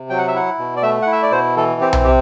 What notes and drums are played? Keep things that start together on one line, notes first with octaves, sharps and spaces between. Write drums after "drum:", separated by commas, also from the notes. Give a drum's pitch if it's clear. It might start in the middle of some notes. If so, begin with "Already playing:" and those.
Already playing: C3
F#3 G5
F#5
E5
E4 F#5
B2
D5
A3 E5
F#5
E4 E5
D5
B2 C5
E3 A4
C4 G4
drum: tom B1
C3 G4